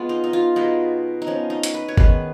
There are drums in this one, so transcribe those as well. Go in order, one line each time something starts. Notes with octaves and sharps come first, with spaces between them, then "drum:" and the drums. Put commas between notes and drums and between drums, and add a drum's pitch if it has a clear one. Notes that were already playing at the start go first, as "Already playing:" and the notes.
Already playing: G#3 B3 F4
D#4
D#4
F4
B2 G#3 B3 D#4
D#4
F3 B3 C#4
D#4
drum: hi-hat
B4
C#5
D#3 G#3 B3 B4, drum: kick G1